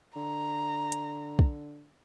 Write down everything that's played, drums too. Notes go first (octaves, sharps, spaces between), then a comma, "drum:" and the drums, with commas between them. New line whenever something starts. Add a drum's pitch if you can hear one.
D3 A#5
drum: hi-hat
drum: kick